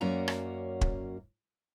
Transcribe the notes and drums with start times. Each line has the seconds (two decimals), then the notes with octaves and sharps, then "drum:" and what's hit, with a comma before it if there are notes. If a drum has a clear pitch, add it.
0.01 F#2 A#3 C#4 F#4 D5 A#5
0.28 drum: rim click
0.81 drum: kick